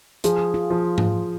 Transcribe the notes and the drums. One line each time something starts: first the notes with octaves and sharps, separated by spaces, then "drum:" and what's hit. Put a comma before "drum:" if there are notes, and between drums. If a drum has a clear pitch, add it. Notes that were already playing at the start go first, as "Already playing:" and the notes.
F3 G#4, drum: hi-hat
F4
F3
drum: tom G#2